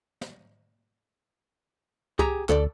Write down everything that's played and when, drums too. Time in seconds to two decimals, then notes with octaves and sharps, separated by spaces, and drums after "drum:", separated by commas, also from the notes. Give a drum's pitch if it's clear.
0.21 drum: snare
2.19 G4 G#4 A#5, drum: kick C2
2.49 D2 A4 D5, drum: clap